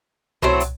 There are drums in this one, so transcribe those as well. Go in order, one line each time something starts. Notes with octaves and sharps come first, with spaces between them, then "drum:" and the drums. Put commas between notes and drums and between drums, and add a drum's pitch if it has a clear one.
A2 F#3 A3 C4, drum: tom C2
drum: hi-hat